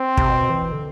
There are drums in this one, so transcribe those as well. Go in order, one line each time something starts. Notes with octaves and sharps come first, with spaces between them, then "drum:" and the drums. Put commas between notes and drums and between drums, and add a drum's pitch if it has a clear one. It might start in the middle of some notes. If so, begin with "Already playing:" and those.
Already playing: C4
C3, drum: kick
B2
E3
D3